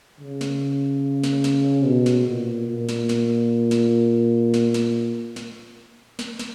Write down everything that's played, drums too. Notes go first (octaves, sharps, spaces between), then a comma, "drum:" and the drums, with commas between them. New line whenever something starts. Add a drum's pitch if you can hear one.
C#3
drum: snare
drum: snare
drum: snare
B2
drum: snare
A#2
A#2
drum: snare
drum: snare
drum: snare
drum: snare
drum: snare
drum: snare
drum: snare
drum: snare